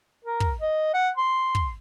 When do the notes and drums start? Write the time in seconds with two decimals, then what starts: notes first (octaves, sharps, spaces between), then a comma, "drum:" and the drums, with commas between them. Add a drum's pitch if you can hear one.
0.25 A#4
0.40 drum: kick
0.61 D#5
0.94 F#5
1.17 C6
1.55 drum: kick